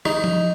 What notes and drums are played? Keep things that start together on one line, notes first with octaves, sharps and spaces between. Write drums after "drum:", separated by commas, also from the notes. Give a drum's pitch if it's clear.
D#4, drum: rim click
drum: tom F3